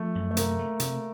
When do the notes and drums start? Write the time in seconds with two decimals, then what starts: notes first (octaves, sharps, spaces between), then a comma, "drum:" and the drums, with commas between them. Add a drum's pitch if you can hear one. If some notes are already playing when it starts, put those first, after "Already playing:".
Already playing: F3 A3
0.15 F#2
0.31 A3
0.37 C3 A#3, drum: hi-hat
0.59 A3
0.80 C3, drum: hi-hat